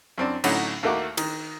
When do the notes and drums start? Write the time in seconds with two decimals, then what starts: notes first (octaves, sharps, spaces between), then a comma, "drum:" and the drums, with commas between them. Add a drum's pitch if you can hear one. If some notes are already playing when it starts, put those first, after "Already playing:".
0.18 F#2 C4 D4
0.44 A2 D3 F#3 C#4 D#4 F#4, drum: cymbal
0.83 D#2 A3 A#3 F#4 D6
1.17 D#3, drum: cymbal